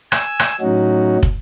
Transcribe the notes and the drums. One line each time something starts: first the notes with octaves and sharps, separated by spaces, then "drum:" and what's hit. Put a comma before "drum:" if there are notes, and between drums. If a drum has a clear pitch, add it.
G#5 E6, drum: rim click
drum: rim click
A2 F#3 C#4 D#4 F#4
drum: kick